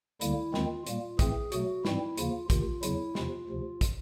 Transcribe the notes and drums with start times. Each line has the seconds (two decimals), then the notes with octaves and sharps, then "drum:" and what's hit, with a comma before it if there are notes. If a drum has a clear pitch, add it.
0.21 D2 D3 G3 A#3 E4, drum: hi-hat
0.54 D#2 D#3 G#3 C4 F4, drum: snare
0.87 A#2 G3 A#3 F4, drum: hi-hat
1.19 A2 E3 A3 C4 G#4, drum: kick, hi-hat
1.52 B2 F#3 A3 F#4, drum: hi-hat
1.85 G#2 E3 G3 C4 E4, drum: snare
2.18 D#2 C#3 F3 A#3 F4, drum: hi-hat
2.50 D2 C3 D#3 F4, drum: kick, hi-hat
2.83 E2 C#3 F#3 E4, drum: hi-hat
3.15 E2 C3 F3 F4, drum: snare
3.49 D2 C3 F3
3.81 drum: kick, hi-hat